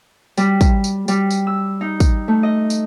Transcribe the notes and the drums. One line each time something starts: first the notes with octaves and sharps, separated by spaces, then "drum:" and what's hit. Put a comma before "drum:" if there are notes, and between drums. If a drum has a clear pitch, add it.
G3, drum: tambourine
drum: kick, tambourine
drum: tambourine
G3, drum: tambourine
drum: tambourine
E6
D#4
drum: kick, tambourine
A3
D#5
drum: tambourine